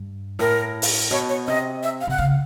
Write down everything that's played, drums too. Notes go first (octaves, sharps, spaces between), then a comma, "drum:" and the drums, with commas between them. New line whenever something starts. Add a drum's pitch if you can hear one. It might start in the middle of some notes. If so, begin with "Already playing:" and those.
Already playing: G2
A2 A#4
drum: open hi-hat
B2 C#5
C#5
C3 D#5
E5
F5
C3 F#5
C#3 F5